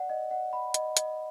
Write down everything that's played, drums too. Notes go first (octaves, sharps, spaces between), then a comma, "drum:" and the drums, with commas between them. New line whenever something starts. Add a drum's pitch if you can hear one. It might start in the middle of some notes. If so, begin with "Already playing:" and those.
Already playing: D5 F#5
D#5
F#5
B5
D#5, drum: hi-hat
D#5, drum: hi-hat